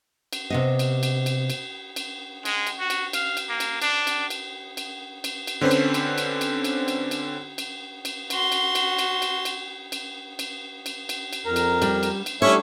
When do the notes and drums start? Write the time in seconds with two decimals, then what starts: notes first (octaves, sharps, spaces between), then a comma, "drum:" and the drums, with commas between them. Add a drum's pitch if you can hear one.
0.33 drum: cymbal
0.50 C3 B3 D#5
0.79 drum: cymbal
1.03 drum: cymbal
1.26 drum: cymbal
1.50 drum: cymbal
1.96 drum: cymbal
2.45 G#3, drum: cymbal
2.67 drum: cymbal
2.79 F#4
2.90 drum: cymbal
3.13 F5, drum: cymbal
3.37 drum: cymbal
3.49 A#3
3.60 drum: cymbal
3.82 D4, drum: cymbal
4.07 drum: cymbal
4.30 drum: cymbal
4.77 drum: cymbal
5.24 drum: cymbal
5.47 drum: cymbal
5.61 D3 C4 C#4 B4 C5
5.71 drum: cymbal
5.94 drum: cymbal
6.18 drum: cymbal
6.41 drum: cymbal
6.64 drum: cymbal
6.88 drum: cymbal
7.11 drum: cymbal
7.58 drum: cymbal
8.05 drum: cymbal
8.30 F#4 C6, drum: cymbal
8.52 drum: cymbal
8.75 drum: cymbal
8.99 drum: cymbal
9.22 drum: cymbal
9.45 drum: cymbal
9.92 drum: cymbal
10.39 drum: cymbal
10.86 drum: cymbal
11.09 drum: cymbal
11.33 drum: cymbal
11.46 F2 A#4 A#5
11.56 drum: cymbal
11.82 G3, drum: cymbal
12.03 drum: cymbal
12.26 drum: cymbal
12.42 G3 A3 C#4 D4 E4 C#5